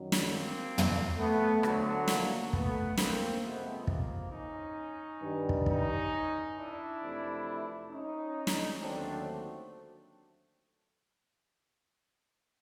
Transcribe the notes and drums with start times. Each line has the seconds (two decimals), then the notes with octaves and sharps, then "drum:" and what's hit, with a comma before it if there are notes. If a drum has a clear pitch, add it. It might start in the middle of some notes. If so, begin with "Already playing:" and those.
Already playing: F#2 D#3 F#3
0.12 drum: snare
0.28 A#3 C4
0.78 drum: tom
1.18 A3 B3
1.63 D2 D3 F#3, drum: rim click
2.08 A#3, drum: snare
2.53 A3 B3, drum: kick
2.97 A#3 C4, drum: snare
3.42 F2 C3 F3 G#3 A3 B3
3.87 A#3, drum: kick
4.32 C#4 D#4
5.22 G2 D#3 G3
5.49 drum: kick
5.66 C#4 D#4, drum: kick
6.56 D4 E4
7.02 F2 C3 E3 A3
7.91 C#4 D#4
8.47 drum: snare
8.80 D#2 D3 F#3 A3 C4 D4